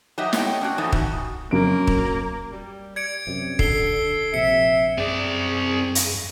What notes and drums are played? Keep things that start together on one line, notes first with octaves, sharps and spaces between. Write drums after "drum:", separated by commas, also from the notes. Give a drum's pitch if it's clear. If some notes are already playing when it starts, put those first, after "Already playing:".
F#3 D#4 G4 D#5 E5
A2 C#5 D#5 G5, drum: snare
C#4 D4 F#4
F2 C4 D#4 A4 E5 G#5
D#3 F#4, drum: kick
F#2 A#3 D7
drum: kick
G3
D5 G#6 C#7 D7
F#2 C3
D3 A4 C7 G7, drum: kick
A#1 C3 E5 C#7
F#2 C4 G#4 D5
drum: hi-hat